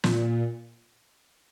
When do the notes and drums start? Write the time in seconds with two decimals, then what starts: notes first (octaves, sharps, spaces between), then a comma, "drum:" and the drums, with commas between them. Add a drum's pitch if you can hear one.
0.04 A#2, drum: snare